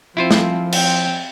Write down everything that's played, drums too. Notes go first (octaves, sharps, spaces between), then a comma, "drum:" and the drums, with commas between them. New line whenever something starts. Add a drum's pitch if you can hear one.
F3 C4 E4 F4 C5
drum: snare
C4 G5, drum: cymbal